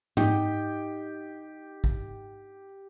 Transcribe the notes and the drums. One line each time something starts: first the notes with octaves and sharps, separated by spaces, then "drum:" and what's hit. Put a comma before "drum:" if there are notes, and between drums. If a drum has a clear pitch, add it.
D#4 G4, drum: tom G#2
drum: kick